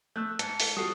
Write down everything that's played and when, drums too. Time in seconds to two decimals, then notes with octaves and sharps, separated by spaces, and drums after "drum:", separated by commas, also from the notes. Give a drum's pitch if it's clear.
0.16 A3 E6 F#6 G6
0.39 G#2 A5 C#7, drum: hi-hat
0.60 drum: open hi-hat
0.77 F3 G3 F#4 A4 D#6 C7